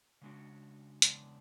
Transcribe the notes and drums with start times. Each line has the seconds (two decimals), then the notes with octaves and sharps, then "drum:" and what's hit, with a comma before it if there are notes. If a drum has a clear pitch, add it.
0.21 C#3 G#3 D4 F#4
1.02 E2 C#3 G#3 D4, drum: hi-hat